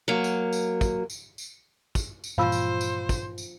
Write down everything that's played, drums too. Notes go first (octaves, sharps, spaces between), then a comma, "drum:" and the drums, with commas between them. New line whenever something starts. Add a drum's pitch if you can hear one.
F#3 A#3
drum: tambourine
drum: tambourine
drum: kick, tambourine
drum: tambourine
drum: tambourine
drum: kick, tambourine
drum: tambourine
G2 A#2 E3 F3 C5 F5 B5 E6
drum: tambourine
drum: tambourine
drum: kick, tambourine
drum: tambourine